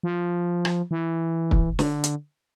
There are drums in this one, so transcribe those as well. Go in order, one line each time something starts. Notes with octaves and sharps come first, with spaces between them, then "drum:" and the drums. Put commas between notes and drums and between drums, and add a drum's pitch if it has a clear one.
F3
drum: rim click
E3
drum: kick
D3, drum: snare
drum: hi-hat